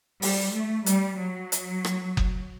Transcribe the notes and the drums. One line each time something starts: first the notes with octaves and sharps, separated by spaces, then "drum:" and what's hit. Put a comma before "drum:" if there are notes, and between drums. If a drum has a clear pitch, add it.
G3, drum: open hi-hat
A3
G3, drum: hi-hat
F#3
drum: hi-hat
drum: rim click
drum: kick F#1